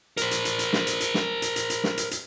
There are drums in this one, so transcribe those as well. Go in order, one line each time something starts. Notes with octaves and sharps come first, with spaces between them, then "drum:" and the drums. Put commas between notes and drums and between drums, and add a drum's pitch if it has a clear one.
A#4 C5, drum: hi-hat
drum: hi-hat
drum: hi-hat
drum: hi-hat
drum: snare
drum: hi-hat
drum: hi-hat
drum: snare
drum: hi-hat
drum: hi-hat
drum: hi-hat
drum: snare
drum: hi-hat
drum: hi-hat